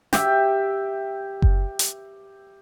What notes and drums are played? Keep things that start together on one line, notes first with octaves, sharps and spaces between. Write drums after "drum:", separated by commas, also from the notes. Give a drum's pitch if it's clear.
G4 E5, drum: snare
drum: kick F#1
drum: hi-hat